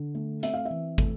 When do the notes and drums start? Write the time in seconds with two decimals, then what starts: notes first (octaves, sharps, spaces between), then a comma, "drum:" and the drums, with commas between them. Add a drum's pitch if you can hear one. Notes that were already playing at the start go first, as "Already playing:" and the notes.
Already playing: D3
0.15 A3
0.43 C4 E5, drum: hi-hat
0.54 F5
0.65 E3 E5
0.98 A3, drum: kick, hi-hat